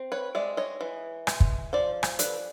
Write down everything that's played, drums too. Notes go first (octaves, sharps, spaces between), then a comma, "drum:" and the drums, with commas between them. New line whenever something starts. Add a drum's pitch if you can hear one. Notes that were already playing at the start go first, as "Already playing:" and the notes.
Already playing: C4
B4 C#5
G#3 D5 E5
C#5 D#5
E3
G#3, drum: rim click
drum: kick
F3 C5 D5
drum: rim click
D4 A4 B4, drum: hi-hat